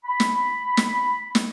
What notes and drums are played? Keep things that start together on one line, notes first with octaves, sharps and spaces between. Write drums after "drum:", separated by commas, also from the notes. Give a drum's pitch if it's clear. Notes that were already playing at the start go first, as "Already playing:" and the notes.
B5
drum: snare
drum: snare
drum: snare